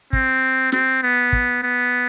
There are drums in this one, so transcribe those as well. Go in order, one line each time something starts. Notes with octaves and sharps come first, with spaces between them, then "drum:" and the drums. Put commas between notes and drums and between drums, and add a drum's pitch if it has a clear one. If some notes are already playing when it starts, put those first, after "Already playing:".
C4, drum: kick
C4, drum: snare
B3
drum: kick
B3